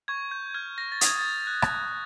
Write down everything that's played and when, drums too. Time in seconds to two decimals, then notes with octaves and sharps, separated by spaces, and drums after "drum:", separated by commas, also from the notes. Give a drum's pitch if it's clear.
0.08 C#6 G#6
0.31 G6
0.54 F6 G#6
0.78 A#6
0.92 A6
1.01 D#6 G#6, drum: hi-hat
1.19 A6
1.47 F#6
1.62 drum: rim click